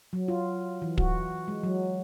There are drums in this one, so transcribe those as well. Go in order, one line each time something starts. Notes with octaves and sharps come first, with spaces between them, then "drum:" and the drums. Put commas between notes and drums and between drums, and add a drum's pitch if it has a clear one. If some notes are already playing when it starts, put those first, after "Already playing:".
F#3
F4
E3
F#4, drum: kick
G#3
F#3